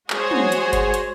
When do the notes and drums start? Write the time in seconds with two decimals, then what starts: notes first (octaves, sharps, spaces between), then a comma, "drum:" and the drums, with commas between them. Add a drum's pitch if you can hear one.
0.10 G#3 F#4 G#4 C5 C#5, drum: clap
0.31 drum: tom
0.52 drum: hi-hat
0.73 drum: kick G1, hi-hat
0.94 drum: hi-hat